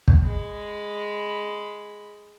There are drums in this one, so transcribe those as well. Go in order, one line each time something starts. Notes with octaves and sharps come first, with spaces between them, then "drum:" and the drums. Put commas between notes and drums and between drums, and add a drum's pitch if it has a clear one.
drum: kick
G#3 B5